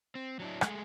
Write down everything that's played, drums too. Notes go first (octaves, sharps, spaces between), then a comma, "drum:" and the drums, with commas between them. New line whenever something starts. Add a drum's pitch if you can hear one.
C4
F#3 D4 E4
G#3 A3 G#4, drum: rim click